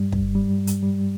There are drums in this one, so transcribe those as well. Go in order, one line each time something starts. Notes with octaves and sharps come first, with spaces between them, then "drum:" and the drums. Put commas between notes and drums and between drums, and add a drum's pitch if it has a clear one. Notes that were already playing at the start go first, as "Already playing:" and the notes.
Already playing: G2 G3
G2, drum: kick
G3
G2
drum: hi-hat
G3